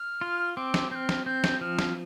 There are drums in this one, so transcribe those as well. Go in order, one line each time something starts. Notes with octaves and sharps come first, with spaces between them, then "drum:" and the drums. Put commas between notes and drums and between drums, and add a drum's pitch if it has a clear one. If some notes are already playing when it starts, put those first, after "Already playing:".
Already playing: F6
F4
C4 D6
drum: snare
C4 F6 G6
drum: snare
C4 G6
drum: snare
F3 F6
drum: snare